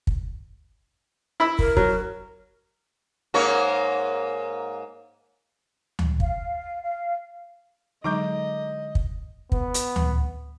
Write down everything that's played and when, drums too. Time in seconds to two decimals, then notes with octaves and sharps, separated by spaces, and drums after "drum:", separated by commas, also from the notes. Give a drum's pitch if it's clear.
0.07 drum: kick
1.40 E4 B5 E6
1.59 A#4, drum: kick
1.77 F#3, drum: kick
3.34 G#2 A#3 C#5
5.99 drum: tom D2
6.20 F5, drum: kick
6.82 F5
8.04 D3 F#3 G#3 D#4 D#5 A#5 D6 G6
8.95 drum: kick
9.52 B3, drum: kick
9.74 drum: hi-hat
9.96 drum: tom D2